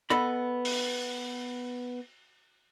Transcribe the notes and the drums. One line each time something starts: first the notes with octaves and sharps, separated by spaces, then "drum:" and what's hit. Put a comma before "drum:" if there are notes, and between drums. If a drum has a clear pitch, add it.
B3 A4 D#5 B5
drum: open hi-hat